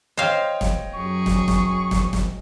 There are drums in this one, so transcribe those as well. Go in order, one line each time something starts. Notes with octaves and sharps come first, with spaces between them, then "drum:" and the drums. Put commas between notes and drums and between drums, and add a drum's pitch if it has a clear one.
C5 C#5 D#5 F5 G5
drum: snare
F#2 G#4 C#6
drum: snare
drum: snare
drum: snare
drum: snare